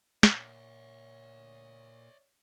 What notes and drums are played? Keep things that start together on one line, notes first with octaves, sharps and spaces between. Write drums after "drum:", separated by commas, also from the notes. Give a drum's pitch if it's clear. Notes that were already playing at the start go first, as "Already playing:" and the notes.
A#2 C#5 D5 E5, drum: snare